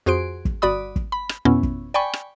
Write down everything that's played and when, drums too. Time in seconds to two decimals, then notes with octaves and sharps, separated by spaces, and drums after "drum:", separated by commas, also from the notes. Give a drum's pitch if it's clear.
0.06 F2 F#4 G#4 C5 C6 D7
0.45 drum: kick
0.62 G1 F#4 D5 B5 D#6
0.96 drum: kick
1.12 B5
1.29 drum: rim click
1.45 F2 B2 B3 C#4 E4
1.63 drum: kick
1.94 D5 G5 G#5 B5 C#6
2.13 drum: rim click